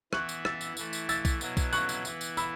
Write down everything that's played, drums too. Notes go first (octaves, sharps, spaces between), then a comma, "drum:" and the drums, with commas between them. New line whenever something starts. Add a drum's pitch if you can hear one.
E3 B3 E4 C#6 F#6, drum: rim click
drum: tambourine
E6 A6, drum: rim click
drum: tambourine
E3 A3 E4, drum: tambourine
drum: tambourine
E6 A6, drum: tambourine
drum: kick B1, tambourine
B2 F#3 B3 E4, drum: tambourine
drum: kick B1, tambourine
C#6 F#6, drum: tambourine
drum: tambourine
E3 B3 E4, drum: tambourine
drum: tambourine
B5 E6, drum: tambourine